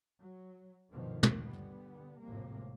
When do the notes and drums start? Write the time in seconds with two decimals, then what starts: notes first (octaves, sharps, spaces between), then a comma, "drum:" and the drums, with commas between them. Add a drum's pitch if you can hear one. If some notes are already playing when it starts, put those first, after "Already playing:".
0.21 F#3
0.90 G1 D2 B2 D3 D#3 F3
1.23 drum: tom
1.44 D3 G3 B3
2.22 G#1 F2 A2 C3 A#3